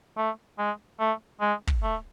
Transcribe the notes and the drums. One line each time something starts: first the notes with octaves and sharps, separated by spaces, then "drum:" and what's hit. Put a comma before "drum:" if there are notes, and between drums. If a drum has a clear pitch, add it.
A3
G#3
A3
G#3
drum: kick
A3